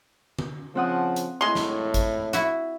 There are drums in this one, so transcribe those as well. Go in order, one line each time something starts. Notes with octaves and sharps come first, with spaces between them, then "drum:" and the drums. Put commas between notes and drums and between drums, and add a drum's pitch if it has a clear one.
drum: tom D3
C#3 F3 C4 F#5 D#6
drum: hi-hat
A2 G#3 C6
drum: snare
drum: kick G#1, hi-hat
E4 F#4, drum: hi-hat